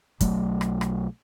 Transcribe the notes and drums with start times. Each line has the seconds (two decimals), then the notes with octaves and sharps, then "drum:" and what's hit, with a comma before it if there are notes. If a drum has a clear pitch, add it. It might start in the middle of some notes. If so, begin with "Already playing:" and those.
0.20 B1 F#3 A3, drum: kick, hi-hat
0.61 drum: rim click
0.81 drum: rim click